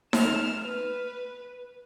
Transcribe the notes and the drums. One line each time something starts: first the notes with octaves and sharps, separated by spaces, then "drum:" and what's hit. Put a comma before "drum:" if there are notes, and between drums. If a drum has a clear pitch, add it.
F6 E7, drum: snare D#4
B4